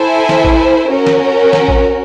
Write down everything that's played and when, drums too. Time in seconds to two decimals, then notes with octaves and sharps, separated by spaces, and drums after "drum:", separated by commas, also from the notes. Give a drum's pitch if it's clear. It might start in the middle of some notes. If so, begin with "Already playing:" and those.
Already playing: E4 A4 C5 E5 G#5
0.29 drum: snare
0.45 drum: kick A1
0.91 C#4 F#4 A#4
1.07 drum: snare
1.53 drum: snare
1.68 drum: kick A1